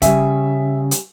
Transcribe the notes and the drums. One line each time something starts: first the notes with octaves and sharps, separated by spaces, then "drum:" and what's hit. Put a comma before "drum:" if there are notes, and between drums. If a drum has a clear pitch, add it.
C#3 G3 E5 G#5, drum: kick, hi-hat
drum: hi-hat